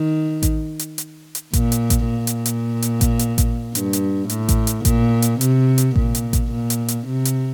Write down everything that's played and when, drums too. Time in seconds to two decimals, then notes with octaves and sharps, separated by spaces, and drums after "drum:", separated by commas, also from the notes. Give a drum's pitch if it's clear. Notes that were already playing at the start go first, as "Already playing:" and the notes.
Already playing: D#3
0.43 drum: kick A1, hi-hat
0.79 drum: hi-hat
0.98 drum: hi-hat
1.35 drum: hi-hat
1.53 A#2, drum: kick A1, hi-hat
1.72 drum: hi-hat
1.90 drum: kick A1, hi-hat
2.09 A#2
2.27 drum: hi-hat
2.46 drum: hi-hat
2.82 drum: hi-hat
3.01 drum: kick A1, hi-hat
3.19 drum: hi-hat
3.38 drum: kick A1, hi-hat
3.75 G2, drum: hi-hat
3.93 drum: hi-hat
4.30 A2, drum: hi-hat
4.49 drum: kick A1, hi-hat
4.67 drum: hi-hat
4.85 A#2, drum: kick A1, hi-hat
5.22 drum: hi-hat
5.41 C3, drum: hi-hat
5.78 drum: hi-hat
5.96 A#2, drum: kick A1
6.15 drum: hi-hat
6.33 drum: kick A1, hi-hat
6.52 A#2
6.70 drum: hi-hat
6.88 drum: hi-hat
7.07 C3
7.25 drum: hi-hat